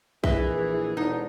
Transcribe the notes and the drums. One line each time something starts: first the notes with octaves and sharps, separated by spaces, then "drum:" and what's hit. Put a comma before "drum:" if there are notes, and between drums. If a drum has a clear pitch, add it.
A#1 E3 G#4 B4 D#5 E5, drum: kick A#1
E1 D3 D#4